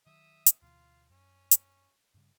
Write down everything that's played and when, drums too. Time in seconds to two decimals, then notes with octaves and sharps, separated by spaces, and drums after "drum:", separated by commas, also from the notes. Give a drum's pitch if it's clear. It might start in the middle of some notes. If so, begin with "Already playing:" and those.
0.07 D#3 F#3 E5 D#6
0.46 drum: hi-hat
0.62 D2 B2 E3 F4
1.10 F#2 C#4
1.51 drum: hi-hat
2.14 G2 C#3 G3